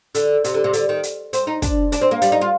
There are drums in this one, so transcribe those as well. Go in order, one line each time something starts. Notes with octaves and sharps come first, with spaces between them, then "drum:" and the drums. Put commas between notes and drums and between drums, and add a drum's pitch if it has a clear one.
D3, drum: hi-hat
C3, drum: hi-hat
D3
C3
D3, drum: hi-hat
D#3
drum: hi-hat
C4, drum: hi-hat
D#4
D4, drum: kick, hi-hat
D4, drum: hi-hat
C4
A#3
G3, drum: hi-hat
D#4
F4